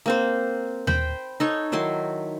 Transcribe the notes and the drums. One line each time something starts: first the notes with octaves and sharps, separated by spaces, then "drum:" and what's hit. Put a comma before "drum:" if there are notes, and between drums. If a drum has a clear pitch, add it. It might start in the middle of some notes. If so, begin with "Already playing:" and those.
A#3 C4 C5
C5 G5 B5, drum: tom D#2
D#4 A4 C#5
D#3 F#3 E4 C6